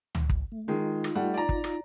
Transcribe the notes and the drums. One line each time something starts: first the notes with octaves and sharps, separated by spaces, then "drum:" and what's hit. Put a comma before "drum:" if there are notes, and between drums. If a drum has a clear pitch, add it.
drum: tom C#2
drum: kick
A3
D#3 G#3 D#4 F4
drum: rim click
G3 A3 F#5
D5 A#5
drum: kick
drum: rim click